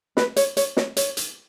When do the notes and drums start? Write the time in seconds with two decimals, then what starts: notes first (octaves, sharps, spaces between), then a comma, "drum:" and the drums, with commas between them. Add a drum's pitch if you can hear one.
0.17 B4, drum: snare
0.36 C#5, drum: hi-hat
0.57 C#5, drum: hi-hat
0.77 C#5, drum: snare
0.97 C#5, drum: hi-hat
1.17 drum: hi-hat